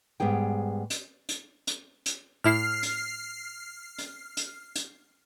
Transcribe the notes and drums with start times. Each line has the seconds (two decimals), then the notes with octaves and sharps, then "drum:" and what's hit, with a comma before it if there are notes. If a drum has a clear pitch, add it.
0.20 G#2 G3 B3 G#4 G5
0.90 drum: hi-hat
1.29 drum: hi-hat
1.67 drum: hi-hat
2.06 drum: hi-hat
2.44 A2 E4 F6 C7
2.83 drum: hi-hat
3.98 drum: hi-hat
4.37 drum: hi-hat
4.75 drum: hi-hat